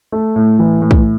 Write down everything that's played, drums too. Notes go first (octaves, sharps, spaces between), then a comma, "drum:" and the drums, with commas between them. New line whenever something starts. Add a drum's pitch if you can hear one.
A3
A2
E3
A2
drum: kick